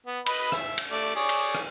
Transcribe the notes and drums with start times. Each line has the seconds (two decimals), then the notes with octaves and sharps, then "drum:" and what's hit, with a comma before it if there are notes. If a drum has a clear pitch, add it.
0.06 B3
0.26 B4 D#5 B5, drum: cymbal
0.52 E5, drum: rim click
0.78 drum: cymbal
0.92 A3 D5
1.16 G#4 C#5 D5
1.29 drum: cymbal
1.55 drum: rim click